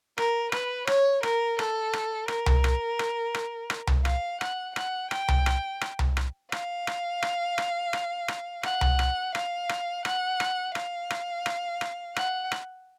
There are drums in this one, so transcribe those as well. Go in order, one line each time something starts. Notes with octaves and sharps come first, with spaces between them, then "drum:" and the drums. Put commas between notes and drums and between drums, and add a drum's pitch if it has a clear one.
A#4, drum: rim click
B4, drum: rim click
C#5, drum: rim click
A#4, drum: rim click
A4, drum: rim click
drum: rim click
A#4, drum: rim click
drum: tom C2
drum: rim click
drum: rim click
drum: rim click
drum: rim click
drum: tom C2
F5, drum: rim click
F#5, drum: rim click
F#5, drum: rim click
G5, drum: rim click
drum: tom C2
drum: rim click
drum: rim click
drum: tom C2
drum: rim click
F5, drum: rim click
drum: rim click
drum: rim click
drum: rim click
drum: rim click
drum: rim click
F#5, drum: rim click
drum: tom C2
drum: rim click
F5, drum: rim click
drum: rim click
F#5, drum: rim click
drum: rim click
F5, drum: rim click
drum: rim click
drum: rim click
drum: rim click
F#5, drum: rim click
drum: rim click